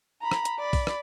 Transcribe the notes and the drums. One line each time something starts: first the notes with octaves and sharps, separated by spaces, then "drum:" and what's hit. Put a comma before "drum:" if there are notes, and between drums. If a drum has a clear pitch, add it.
A#5 B5
drum: rim click
drum: hi-hat
D5 B5
drum: kick, open hi-hat
drum: rim click